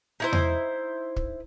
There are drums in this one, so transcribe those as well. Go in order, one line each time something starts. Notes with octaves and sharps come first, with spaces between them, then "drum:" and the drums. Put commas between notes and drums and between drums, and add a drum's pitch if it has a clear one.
D#4 E4 C5
drum: tom E2
drum: kick